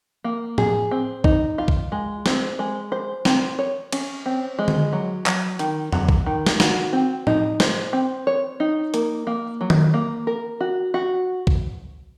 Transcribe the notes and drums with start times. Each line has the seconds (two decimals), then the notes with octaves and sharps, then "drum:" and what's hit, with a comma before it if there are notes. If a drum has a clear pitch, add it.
0.24 A#3
0.58 G#4, drum: tom
0.91 C4
1.24 D#4, drum: kick
1.58 F4
1.68 drum: kick
1.92 G#3
2.26 C4, drum: snare
2.59 G#3
2.92 C5
3.25 C4, drum: snare
3.59 C#5
3.92 C#4, drum: cymbal
4.26 C4
4.59 G#3
4.68 drum: tom D3
4.93 F#3
5.26 F#3, drum: clap
5.59 D#3, drum: hi-hat
5.92 F#3, drum: tom E2
6.09 drum: kick
6.26 D#3
6.47 drum: snare
6.60 F#4, drum: snare
6.93 C4
7.27 D#4, drum: tom
7.60 C5, drum: snare
7.93 C4
8.27 C#5
8.60 D#4
8.94 A#3, drum: hi-hat
9.27 A#3
9.61 F#3
9.70 drum: tom D#3
9.94 A#3
10.27 A#4
10.61 F#4
10.94 F#4
11.47 drum: kick